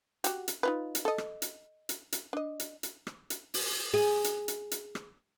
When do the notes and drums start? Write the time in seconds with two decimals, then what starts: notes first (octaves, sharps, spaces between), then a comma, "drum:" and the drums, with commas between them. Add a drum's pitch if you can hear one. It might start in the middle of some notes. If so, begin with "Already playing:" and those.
0.24 F#4 G4, drum: hi-hat
0.48 drum: hi-hat
0.63 D#4 F4 B4
0.95 drum: hi-hat
1.05 A4 D#5
1.18 drum: rim click
1.42 drum: hi-hat
1.89 drum: hi-hat
2.12 drum: hi-hat
2.33 D4 D#5
2.60 drum: hi-hat
2.83 drum: hi-hat
3.07 drum: rim click
3.30 drum: hi-hat
3.54 drum: open hi-hat
3.94 G#4
4.24 drum: hi-hat
4.48 drum: hi-hat
4.71 drum: hi-hat
4.95 drum: rim click